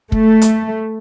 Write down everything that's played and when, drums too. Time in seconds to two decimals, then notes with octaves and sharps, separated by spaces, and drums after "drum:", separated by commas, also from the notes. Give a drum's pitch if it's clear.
0.12 A3, drum: kick
0.41 drum: hi-hat